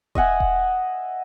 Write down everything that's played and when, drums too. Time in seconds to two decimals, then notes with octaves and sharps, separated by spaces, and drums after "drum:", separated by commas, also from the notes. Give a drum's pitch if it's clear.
0.15 D#5 E5 F#5 G#5, drum: kick D#1
0.40 drum: kick D#1